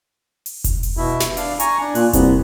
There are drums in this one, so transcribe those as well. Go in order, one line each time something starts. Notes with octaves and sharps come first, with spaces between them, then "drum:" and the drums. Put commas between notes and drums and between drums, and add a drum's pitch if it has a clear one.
drum: open hi-hat
drum: kick F1, hi-hat
drum: open hi-hat
B2 E4
drum: snare
D4 F5, drum: open hi-hat
G#5 A#5 C#6, drum: hi-hat
D4
A#2 F#6, drum: open hi-hat
C2 B3, drum: kick F1, hi-hat